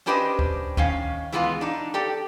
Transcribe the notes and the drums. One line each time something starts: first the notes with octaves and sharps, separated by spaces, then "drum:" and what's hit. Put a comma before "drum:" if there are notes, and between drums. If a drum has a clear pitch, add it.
C#4 D4 G4 B4 C5 D#5
drum: kick D2
D#3 C#4 F5, drum: kick D2
E3 G#3 B3 D4 F4
D4 D#4
G4 A4 D5